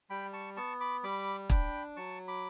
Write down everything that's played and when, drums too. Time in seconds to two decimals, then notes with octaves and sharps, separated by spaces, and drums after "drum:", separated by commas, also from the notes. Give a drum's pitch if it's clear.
0.10 G3 G5 B5
0.33 A5 C#6
0.57 B3 A5 C#6
0.80 B5 D6
1.04 G3 B5 D6
1.50 D4 G5 B5, drum: kick
1.96 F#3 A5 C#6
2.28 B5 D6